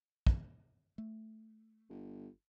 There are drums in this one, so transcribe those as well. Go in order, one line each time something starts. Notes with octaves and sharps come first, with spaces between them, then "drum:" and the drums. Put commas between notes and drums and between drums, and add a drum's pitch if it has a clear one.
drum: kick
A3
G1